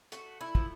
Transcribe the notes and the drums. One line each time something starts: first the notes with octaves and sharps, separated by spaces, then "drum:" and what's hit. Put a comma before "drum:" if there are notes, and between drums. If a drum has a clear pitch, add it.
A3 F#4, drum: hi-hat
E4
F3, drum: kick